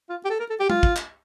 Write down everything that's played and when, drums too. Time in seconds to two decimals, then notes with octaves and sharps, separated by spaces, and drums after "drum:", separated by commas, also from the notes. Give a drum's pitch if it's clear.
0.10 F4
0.25 G4
0.30 A4
0.40 A#4
0.50 A4
0.60 G4
0.70 F4, drum: tom
0.83 drum: kick
0.96 drum: clap